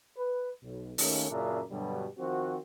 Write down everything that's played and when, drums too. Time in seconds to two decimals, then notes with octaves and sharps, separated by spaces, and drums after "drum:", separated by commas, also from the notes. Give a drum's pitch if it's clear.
0.17 B4
0.63 B1
0.98 D#2 D#3 A3 A#3 C#4, drum: open hi-hat
1.30 F#2 A#2 C#3 D4 E5 A#5
1.70 G2 B2 D3 F#3 G3
2.18 D#3 F3 C4 F#4